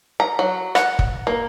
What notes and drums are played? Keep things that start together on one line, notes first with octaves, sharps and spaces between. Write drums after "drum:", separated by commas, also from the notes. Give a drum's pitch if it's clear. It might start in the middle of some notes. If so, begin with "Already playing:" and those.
A#5
F#3
F#5, drum: rim click
drum: kick
A#3